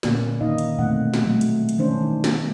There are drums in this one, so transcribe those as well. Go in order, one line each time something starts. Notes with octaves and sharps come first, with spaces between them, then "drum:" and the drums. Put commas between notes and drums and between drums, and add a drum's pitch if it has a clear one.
A#2 D3 A#3 C#4 B4 D5, drum: snare
D#3 A#3 D#4 D#5 F5
drum: hi-hat
B2 E3 A3 C4 F#5
drum: snare
F#3 G3 A3
drum: hi-hat
drum: hi-hat
D#3 E3 G#3 C#4 D4 C5
D#4
drum: snare